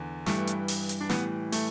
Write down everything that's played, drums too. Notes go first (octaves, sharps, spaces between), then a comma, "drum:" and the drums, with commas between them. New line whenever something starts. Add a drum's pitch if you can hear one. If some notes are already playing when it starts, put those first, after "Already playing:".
Already playing: E2 D3
G2 E3 G3 A3, drum: snare
drum: hi-hat
drum: open hi-hat
drum: hi-hat
D4
A2 E3 G3 B3, drum: snare
A3, drum: open hi-hat